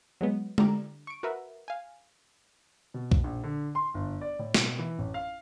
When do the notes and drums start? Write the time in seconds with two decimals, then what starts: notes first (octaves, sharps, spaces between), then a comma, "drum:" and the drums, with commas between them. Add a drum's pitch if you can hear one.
0.21 F#3 G#3 B3
0.58 D3 G3 A#5 D6, drum: tom G#3
1.07 C#6 D7
1.23 F#4 A#4 B4 E5
1.68 F5 G#5
2.94 B2
3.11 drum: kick
3.24 A#1
3.43 D3
3.75 C6
3.94 G1
4.21 D5
4.39 A2
4.54 B2, drum: snare
4.79 E3
4.99 A1
5.14 F5